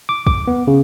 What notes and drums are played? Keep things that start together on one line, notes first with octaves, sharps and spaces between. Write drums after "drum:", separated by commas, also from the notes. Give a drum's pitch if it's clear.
D6
D6, drum: kick
B3
C#3